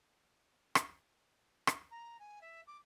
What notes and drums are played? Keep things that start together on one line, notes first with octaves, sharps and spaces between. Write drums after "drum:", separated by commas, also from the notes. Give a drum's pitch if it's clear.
drum: rim click
drum: rim click
A#5
G#5
E5
D6